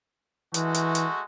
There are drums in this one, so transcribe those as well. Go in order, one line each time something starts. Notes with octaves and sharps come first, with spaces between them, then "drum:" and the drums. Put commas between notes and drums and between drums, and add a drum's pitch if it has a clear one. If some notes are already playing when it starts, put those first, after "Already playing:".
E3 G#3 A3 F#4, drum: hi-hat
drum: hi-hat
drum: hi-hat